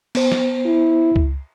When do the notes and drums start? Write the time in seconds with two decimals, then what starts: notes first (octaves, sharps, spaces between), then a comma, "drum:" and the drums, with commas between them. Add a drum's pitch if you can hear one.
0.15 B3 C5, drum: cymbal
0.32 drum: snare
0.65 E4
1.16 drum: kick C#2